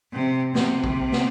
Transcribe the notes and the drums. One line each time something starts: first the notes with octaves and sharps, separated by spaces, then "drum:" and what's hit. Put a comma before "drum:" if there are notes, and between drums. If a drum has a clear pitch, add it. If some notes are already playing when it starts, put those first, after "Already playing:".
C3
C3, drum: snare
drum: kick
drum: snare